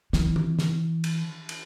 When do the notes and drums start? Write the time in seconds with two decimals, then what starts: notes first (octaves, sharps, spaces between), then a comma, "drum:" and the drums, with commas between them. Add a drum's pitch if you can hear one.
0.13 E3, drum: snare
0.36 drum: tom D#3
0.59 drum: snare
1.04 drum: cymbal
1.49 drum: cymbal